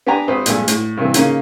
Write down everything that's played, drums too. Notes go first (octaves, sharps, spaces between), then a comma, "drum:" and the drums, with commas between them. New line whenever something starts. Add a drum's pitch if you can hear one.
B3 D4 G4 G5 G#5 A#5
G#1 B4 C5 D#6
A#1 G2 G#3 A4 G#5, drum: hi-hat
A2, drum: hi-hat
G2 C3 E3
C#3 A#3 C#4 D#4, drum: hi-hat